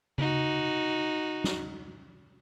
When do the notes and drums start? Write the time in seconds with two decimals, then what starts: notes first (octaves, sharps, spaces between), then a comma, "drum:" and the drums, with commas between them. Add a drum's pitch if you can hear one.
0.18 D#4 F#4, drum: tom C#3
1.44 drum: snare